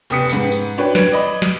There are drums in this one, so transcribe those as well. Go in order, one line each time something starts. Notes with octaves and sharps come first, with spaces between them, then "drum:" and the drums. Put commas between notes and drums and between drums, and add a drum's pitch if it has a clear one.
F1 B3 G4 D#6 B6 C#7
G#2 B4 C#7, drum: tambourine
drum: tambourine
D4 F#4 B4 C#5 G5
B4 G#6, drum: snare
D5 D#5 B5
drum: snare